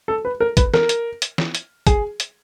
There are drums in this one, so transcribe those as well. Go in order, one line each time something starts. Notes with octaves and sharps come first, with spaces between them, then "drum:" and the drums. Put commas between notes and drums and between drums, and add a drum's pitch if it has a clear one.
A4
B4
A#4
B4, drum: kick, hi-hat
A#4, drum: snare
drum: hi-hat
drum: hi-hat
drum: snare
drum: hi-hat
G#4, drum: kick, hi-hat
drum: hi-hat